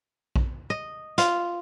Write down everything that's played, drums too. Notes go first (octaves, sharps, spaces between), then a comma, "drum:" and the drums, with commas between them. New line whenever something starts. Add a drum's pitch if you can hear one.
drum: kick A#1
D#5
F4, drum: hi-hat